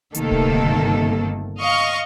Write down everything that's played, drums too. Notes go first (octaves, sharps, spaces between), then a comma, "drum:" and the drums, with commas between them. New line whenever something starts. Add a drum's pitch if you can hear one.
G1 C3 D#3 A3 A#3 A4, drum: hi-hat
drum: kick D1
D#5 F5 C#6 F6